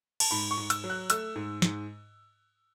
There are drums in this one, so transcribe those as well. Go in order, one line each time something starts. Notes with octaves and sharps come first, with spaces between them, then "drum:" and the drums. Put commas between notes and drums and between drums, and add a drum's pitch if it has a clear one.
A5, drum: cymbal
G#2 B5
C#6
G#2
E6, drum: hi-hat
F#3
F#6
A3 E6, drum: hi-hat
G#2
G#2, drum: snare